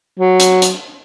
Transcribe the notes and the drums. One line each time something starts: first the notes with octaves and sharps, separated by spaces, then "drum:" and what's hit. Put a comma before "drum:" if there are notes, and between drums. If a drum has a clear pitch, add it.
F#3
drum: hi-hat
drum: hi-hat